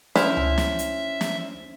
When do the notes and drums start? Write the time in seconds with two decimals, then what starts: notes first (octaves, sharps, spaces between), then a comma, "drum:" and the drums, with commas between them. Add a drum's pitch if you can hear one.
0.16 C#4 E4 C5 E5 F6, drum: snare
0.37 drum: tom C#2
0.58 drum: snare
0.79 drum: hi-hat
1.21 drum: snare